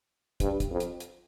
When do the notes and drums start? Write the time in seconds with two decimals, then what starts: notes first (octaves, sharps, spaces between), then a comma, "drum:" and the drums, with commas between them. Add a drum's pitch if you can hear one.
0.40 G2, drum: kick, hi-hat
0.60 drum: kick, hi-hat
0.71 F2
0.80 drum: hi-hat
1.00 drum: hi-hat